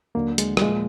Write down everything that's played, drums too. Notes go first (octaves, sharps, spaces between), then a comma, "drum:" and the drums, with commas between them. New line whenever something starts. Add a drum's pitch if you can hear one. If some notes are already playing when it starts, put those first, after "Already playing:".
D#2 D3 F#3 A#3
G#3, drum: hi-hat
G3, drum: rim click
A#2 F3 G#3